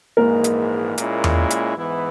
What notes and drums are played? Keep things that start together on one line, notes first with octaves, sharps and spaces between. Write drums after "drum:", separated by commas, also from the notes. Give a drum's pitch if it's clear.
A#1 G#2 E3 G#3 A#3 A#4
drum: hi-hat
A#2 G#3 C#4 E4, drum: hi-hat
drum: tom E2
drum: hi-hat
G#2 E3 B3 E4